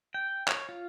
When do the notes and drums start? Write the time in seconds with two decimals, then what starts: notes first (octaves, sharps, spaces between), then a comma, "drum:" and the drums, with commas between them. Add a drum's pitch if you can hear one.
0.14 G5
0.48 C#5, drum: clap
0.69 F4